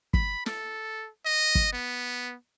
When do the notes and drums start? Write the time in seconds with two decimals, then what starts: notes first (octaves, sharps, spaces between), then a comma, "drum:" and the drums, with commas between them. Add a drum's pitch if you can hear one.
0.14 B5, drum: kick
0.46 A4, drum: snare
1.25 D#5
1.55 drum: kick
1.73 B3